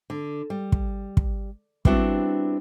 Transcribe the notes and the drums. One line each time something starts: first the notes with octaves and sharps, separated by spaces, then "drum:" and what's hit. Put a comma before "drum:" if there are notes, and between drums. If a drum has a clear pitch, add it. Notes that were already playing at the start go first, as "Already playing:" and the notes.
D3
G3
drum: kick
drum: kick
G3 B3 C4 D4 E4 F#4, drum: kick